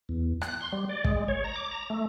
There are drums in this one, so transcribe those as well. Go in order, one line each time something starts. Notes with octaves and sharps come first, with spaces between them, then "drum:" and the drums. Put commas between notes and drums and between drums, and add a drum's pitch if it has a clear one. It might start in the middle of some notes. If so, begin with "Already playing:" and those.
E2
F#6, drum: rim click
C6
G3
D5
G#3, drum: kick
C#5
A#5
D6
A#5
A3